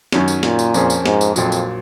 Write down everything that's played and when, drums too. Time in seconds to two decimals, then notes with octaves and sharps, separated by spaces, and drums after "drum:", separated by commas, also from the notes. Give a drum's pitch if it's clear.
0.12 F#2 D#3 F#3 C#4 F#4, drum: snare
0.28 drum: tambourine
0.43 A#2, drum: snare
0.59 drum: tambourine
0.74 F2 F3 A#3 C#4 G#4, drum: tambourine
0.90 drum: tambourine
1.06 G#2, drum: snare
1.21 drum: tambourine
1.36 A#1 F2 A#2 F#3, drum: tambourine
1.52 drum: tambourine